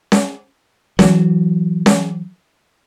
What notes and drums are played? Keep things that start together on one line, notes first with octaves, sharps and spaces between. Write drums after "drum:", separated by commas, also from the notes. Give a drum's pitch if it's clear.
drum: snare C#4
E3 F#3, drum: snare C#4
drum: snare C#4